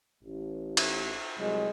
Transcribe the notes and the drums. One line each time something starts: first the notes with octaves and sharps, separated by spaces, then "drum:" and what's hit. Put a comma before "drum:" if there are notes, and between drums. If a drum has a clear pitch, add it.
A1
drum: cymbal
C2 F#3 G#3